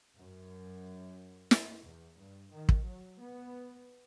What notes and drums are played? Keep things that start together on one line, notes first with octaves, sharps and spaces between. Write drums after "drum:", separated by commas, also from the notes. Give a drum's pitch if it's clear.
F#2
drum: snare
E2
G2
D#3
drum: kick
F#3
B3